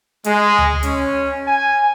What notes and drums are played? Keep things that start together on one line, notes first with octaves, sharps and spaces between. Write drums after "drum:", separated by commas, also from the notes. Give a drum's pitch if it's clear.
G#3, drum: hi-hat
drum: tom D2
C#4, drum: hi-hat
G#5